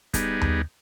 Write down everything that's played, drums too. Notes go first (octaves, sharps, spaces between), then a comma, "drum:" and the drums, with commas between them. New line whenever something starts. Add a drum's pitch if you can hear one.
G3 B3 D#4 G#4, drum: kick, hi-hat
drum: tom D#2